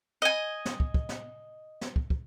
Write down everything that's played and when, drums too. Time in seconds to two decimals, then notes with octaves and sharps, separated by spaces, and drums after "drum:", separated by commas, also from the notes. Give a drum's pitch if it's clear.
0.22 D#5 G#5
0.65 drum: snare
0.80 drum: kick
0.94 drum: kick
1.09 drum: snare
1.81 drum: snare
1.96 drum: kick
2.10 drum: kick